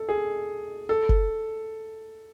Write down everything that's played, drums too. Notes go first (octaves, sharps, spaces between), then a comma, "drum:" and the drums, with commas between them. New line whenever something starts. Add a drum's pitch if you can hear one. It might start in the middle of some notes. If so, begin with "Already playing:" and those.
Already playing: A4
G#4
A4
drum: kick F#1